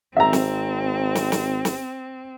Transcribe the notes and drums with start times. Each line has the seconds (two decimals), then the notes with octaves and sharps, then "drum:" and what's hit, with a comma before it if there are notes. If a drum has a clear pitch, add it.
0.17 G#1 C4 E5 A#5
0.33 drum: snare
1.15 drum: snare
1.32 drum: snare
1.65 drum: snare